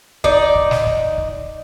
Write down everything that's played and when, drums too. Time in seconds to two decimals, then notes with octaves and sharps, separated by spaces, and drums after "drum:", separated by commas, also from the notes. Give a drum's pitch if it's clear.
0.24 D#4 D5, drum: kick
0.55 drum: kick
0.71 drum: snare
0.87 drum: kick
1.18 drum: kick